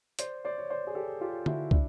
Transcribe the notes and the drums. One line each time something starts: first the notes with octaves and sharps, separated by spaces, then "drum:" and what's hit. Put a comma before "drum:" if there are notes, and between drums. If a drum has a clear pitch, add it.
C5 D5, drum: hi-hat
C5 D5
C#5
C5 D5
G#4
G4 A4
F4 G4
E4 F#4, drum: tom D3
D4 E4, drum: kick